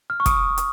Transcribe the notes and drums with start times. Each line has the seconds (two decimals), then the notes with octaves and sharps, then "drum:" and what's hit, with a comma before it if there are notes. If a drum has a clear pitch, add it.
0.10 F6
0.20 C#6
0.26 D#6, drum: kick, hi-hat
0.58 drum: hi-hat